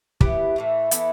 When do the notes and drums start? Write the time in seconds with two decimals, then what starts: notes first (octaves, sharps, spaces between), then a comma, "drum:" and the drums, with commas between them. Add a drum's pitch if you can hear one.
0.21 E3 B3 E4 G4, drum: kick
0.56 A2 E3 A3
0.91 E3 B3 E4 A4, drum: hi-hat